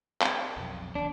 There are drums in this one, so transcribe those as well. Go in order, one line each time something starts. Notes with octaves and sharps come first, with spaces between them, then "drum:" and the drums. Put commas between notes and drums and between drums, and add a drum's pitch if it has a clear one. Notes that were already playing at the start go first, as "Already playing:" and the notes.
drum: clap
B1 F2
E1 A1 D#2 D4